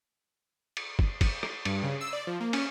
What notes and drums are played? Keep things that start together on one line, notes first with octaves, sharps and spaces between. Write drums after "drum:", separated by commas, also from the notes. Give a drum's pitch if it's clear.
drum: cymbal
drum: kick
drum: kick, cymbal
drum: rim click
G2, drum: cymbal
C#3
E6
D5
F3
A#3
C#4, drum: cymbal